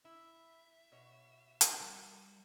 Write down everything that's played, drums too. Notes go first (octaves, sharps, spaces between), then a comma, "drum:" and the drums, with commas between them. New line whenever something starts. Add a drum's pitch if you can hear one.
E4 E5
B2 C#5
F#4 A#4, drum: hi-hat
G3